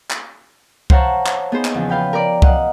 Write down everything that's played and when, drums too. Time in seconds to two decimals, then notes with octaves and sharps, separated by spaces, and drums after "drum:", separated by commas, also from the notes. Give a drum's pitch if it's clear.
0.11 drum: clap
0.90 C5 C#5 F5 F#5 A5 A#5, drum: kick C2
1.26 drum: clap
1.52 B3 D#4 G#4 C5
1.65 drum: clap
1.74 E2 C#3 F3
1.89 B4 F5 G5 B5
2.13 A#4 D5
2.42 D#5 F5 F#5, drum: kick C2